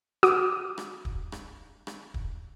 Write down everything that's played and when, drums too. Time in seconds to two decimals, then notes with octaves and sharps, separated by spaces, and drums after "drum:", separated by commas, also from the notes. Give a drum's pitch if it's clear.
0.23 F#4 D6 D#6, drum: rim click
0.78 drum: rim click
1.05 drum: kick
1.32 drum: rim click
1.87 drum: rim click
2.14 drum: kick